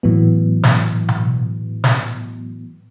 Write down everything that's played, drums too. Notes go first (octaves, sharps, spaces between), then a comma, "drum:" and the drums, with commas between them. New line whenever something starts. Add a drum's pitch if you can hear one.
A2 E3 F#3 B3
drum: snare
drum: tom B2
drum: snare